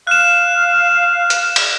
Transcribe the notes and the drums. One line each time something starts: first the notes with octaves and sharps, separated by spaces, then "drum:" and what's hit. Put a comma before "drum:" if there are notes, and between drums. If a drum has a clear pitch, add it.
F5 F#6 E7
drum: hi-hat
drum: cymbal